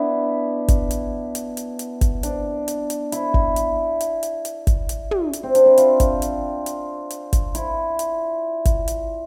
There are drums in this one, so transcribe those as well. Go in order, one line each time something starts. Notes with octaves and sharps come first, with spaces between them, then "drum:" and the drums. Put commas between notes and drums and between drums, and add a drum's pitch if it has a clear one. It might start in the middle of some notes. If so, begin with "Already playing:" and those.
Already playing: B3 D4 E4
drum: kick, hi-hat
drum: hi-hat
drum: hi-hat
drum: hi-hat
drum: hi-hat
drum: kick, hi-hat
D4, drum: hi-hat
drum: hi-hat
drum: hi-hat
E4, drum: hi-hat
drum: kick
drum: hi-hat
drum: hi-hat
drum: hi-hat
drum: hi-hat
drum: kick, hi-hat
drum: hi-hat
drum: tom
drum: hi-hat
C4
D4, drum: hi-hat
E4
F4, drum: hi-hat
drum: kick, hi-hat
drum: hi-hat
drum: hi-hat
drum: hi-hat
drum: kick, hi-hat
E4, drum: hi-hat
drum: hi-hat
drum: kick, hi-hat
drum: hi-hat